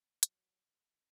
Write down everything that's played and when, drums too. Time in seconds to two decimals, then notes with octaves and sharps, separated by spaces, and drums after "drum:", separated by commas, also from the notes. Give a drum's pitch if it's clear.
0.23 F#3, drum: hi-hat